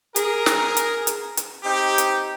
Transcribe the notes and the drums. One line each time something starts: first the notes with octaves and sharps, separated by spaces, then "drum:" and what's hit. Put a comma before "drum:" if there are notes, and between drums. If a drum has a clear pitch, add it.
G#4 A#4, drum: hi-hat
drum: snare
drum: hi-hat
drum: hi-hat
drum: hi-hat
C4 D#4 G4
drum: hi-hat